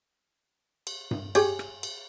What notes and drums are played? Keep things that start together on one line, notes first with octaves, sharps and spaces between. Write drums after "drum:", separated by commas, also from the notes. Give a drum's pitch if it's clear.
drum: cymbal
drum: tom G2
G4 G#4 C#5, drum: cymbal
drum: rim click
drum: cymbal